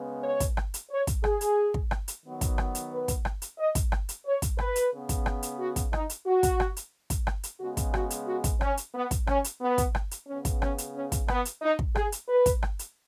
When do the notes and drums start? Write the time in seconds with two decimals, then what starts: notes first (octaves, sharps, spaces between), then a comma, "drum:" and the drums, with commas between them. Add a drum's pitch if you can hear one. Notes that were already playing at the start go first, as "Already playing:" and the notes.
Already playing: C#3 G#3 B3
0.24 C#5
0.40 drum: kick, hi-hat
0.57 drum: rim click
0.74 drum: hi-hat
0.91 C#5
1.07 drum: kick, hi-hat
1.24 G#4, drum: rim click
1.41 drum: hi-hat
1.74 drum: kick
1.91 drum: rim click
2.08 drum: hi-hat
2.24 D#3 F#3 B3
2.41 drum: kick, hi-hat
2.58 drum: rim click
2.75 drum: hi-hat
2.91 B4
3.08 drum: kick, hi-hat
3.25 drum: rim click
3.42 drum: hi-hat
3.59 D#5
3.75 drum: kick, hi-hat
3.92 drum: rim click
4.09 drum: hi-hat
4.26 C#5
4.42 drum: kick, hi-hat
4.59 B4, drum: rim click
4.76 drum: hi-hat
4.92 C#3 B3
5.09 drum: kick, hi-hat
5.26 drum: rim click
5.43 drum: hi-hat
5.59 F#4
5.76 drum: kick, hi-hat
5.93 D#4, drum: rim click
6.10 drum: hi-hat
6.26 F#4
6.43 drum: kick, hi-hat
6.60 drum: rim click
6.77 drum: hi-hat
7.10 drum: kick, hi-hat
7.27 drum: rim click
7.43 drum: hi-hat
7.60 C#3 G#3 B3 F#4
7.77 drum: kick, hi-hat
7.94 F#4, drum: rim click
8.10 drum: hi-hat
8.27 F#4
8.44 drum: kick, hi-hat
8.61 C#4, drum: rim click
8.77 drum: hi-hat
8.95 B3
9.11 drum: kick, hi-hat
9.27 C#4, drum: rim click
9.44 drum: hi-hat
9.61 B3
9.78 drum: kick, hi-hat
9.95 drum: rim click
10.11 drum: hi-hat
10.28 C#3 B3 C#4
10.45 drum: kick, hi-hat
10.62 C#4, drum: rim click
10.78 drum: hi-hat
10.95 C#4
11.12 drum: kick, hi-hat
11.28 B3, drum: rim click
11.45 drum: hi-hat
11.62 D#4
11.79 drum: kick
11.95 G#4, drum: rim click
12.12 drum: hi-hat
12.29 B4
12.46 drum: kick, hi-hat
12.62 drum: rim click
12.79 drum: hi-hat